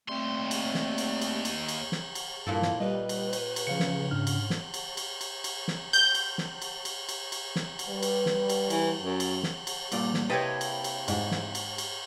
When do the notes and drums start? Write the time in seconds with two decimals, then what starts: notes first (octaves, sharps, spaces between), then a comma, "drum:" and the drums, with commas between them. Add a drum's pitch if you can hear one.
0.09 D#2 G3 A3 C4 C6
0.51 drum: cymbal
0.74 drum: snare
0.98 drum: cymbal
1.21 drum: cymbal
1.45 drum: cymbal
1.68 drum: cymbal
1.92 drum: snare
2.15 drum: cymbal
2.46 G2 A#2 A#3 E4 A4
2.62 drum: snare
2.80 G3 B4 D#5
3.09 drum: cymbal
3.33 drum: cymbal
3.56 drum: cymbal
3.67 C#3 F3 F5 C#7
3.80 drum: snare
4.11 G#2 D4 F6
4.27 drum: cymbal
4.50 drum: snare
4.74 drum: cymbal
4.97 drum: cymbal
5.21 drum: cymbal
5.44 drum: cymbal
5.68 drum: snare
5.93 G6, drum: cymbal
6.15 drum: cymbal
6.38 drum: snare
6.62 drum: cymbal
6.85 drum: cymbal
7.09 drum: cymbal
7.32 drum: cymbal
7.56 drum: snare
7.79 drum: cymbal
7.88 G3 B4
8.03 drum: cymbal
8.26 drum: snare
8.49 drum: cymbal
8.70 E3, drum: cymbal
9.02 F#2
9.20 drum: cymbal
9.43 drum: snare
9.67 drum: cymbal
9.92 G2 A#2 D5, drum: cymbal
10.14 drum: snare
10.30 C3 A#3 E4 B4 C#5 D#5 G5 A5
10.61 drum: cymbal
10.84 drum: cymbal
11.08 G#2, drum: cymbal
11.31 drum: snare
11.55 drum: cymbal
11.78 drum: cymbal